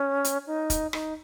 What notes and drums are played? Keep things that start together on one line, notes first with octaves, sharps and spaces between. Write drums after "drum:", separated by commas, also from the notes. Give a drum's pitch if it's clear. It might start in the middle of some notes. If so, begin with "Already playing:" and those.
Already playing: C#4
drum: hi-hat
D#4
drum: kick, hi-hat
D#4, drum: rim click